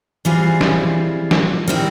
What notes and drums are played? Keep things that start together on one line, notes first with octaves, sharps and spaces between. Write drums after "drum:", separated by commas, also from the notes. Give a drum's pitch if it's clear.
E3 G3 C4 F4 G#4
drum: snare
drum: snare
D#3 G3 C4 E4